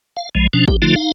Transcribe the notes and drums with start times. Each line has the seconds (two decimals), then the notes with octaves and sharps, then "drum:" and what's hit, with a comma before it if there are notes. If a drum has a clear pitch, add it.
0.17 F5
0.35 B1 F3 G#3
0.53 B2 F3 C#4 D4
0.68 G4, drum: kick G#1
0.82 D3 F3 A3 D#4 F4
0.96 D#4 F5